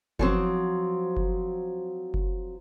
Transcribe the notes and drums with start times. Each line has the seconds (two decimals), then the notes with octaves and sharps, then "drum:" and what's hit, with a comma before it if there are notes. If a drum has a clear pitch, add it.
0.19 F3 F#3 C4, drum: kick F#1
1.17 drum: kick F#1
2.14 drum: kick F#1